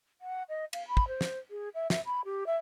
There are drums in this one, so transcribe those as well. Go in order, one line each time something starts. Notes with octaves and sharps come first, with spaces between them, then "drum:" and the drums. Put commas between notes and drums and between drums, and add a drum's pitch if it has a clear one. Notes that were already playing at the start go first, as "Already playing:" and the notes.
F#5
D#5
F5, drum: cymbal
B5
drum: kick
C5
drum: snare
G#4
E5
E5, drum: snare
B5
G4
E5